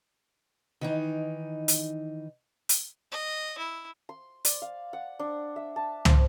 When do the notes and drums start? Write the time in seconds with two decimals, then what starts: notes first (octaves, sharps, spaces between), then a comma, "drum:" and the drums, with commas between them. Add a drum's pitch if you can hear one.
0.81 D#3 E3 D#4
1.68 drum: hi-hat
2.69 drum: hi-hat
3.11 D#5
3.58 E4
4.09 C6
4.45 D5, drum: hi-hat
4.62 F5
4.93 F#5
5.19 D4
5.56 E5
5.76 A5
6.05 C5, drum: tom